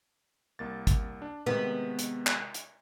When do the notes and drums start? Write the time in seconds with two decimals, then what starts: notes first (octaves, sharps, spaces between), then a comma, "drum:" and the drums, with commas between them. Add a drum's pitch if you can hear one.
0.59 C2 A#3 A6
0.87 drum: kick, hi-hat
1.22 D4
1.46 C3 D#3 G#3 B3
1.99 drum: hi-hat
2.27 drum: clap
2.54 drum: hi-hat